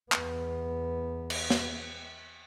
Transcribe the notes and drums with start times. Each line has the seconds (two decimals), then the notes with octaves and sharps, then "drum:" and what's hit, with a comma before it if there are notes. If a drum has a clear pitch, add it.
0.12 E2 B3, drum: clap
1.30 drum: cymbal
1.50 drum: snare